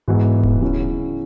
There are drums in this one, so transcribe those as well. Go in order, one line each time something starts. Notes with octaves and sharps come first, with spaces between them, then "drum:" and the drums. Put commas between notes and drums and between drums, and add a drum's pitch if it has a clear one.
G#2 E3 B3 D#4 F#4
drum: kick D1
C#3 F#3 C#4 E4